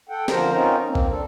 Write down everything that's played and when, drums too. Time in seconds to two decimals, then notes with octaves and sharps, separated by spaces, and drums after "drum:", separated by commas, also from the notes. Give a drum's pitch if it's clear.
0.09 A4 F#5 G5
0.28 D3 F3 A#4 C5 A#5, drum: snare
0.52 C4 C#4 D#4 F4 A#4
0.86 A#3 C4
0.95 drum: kick B1
1.10 D4 A4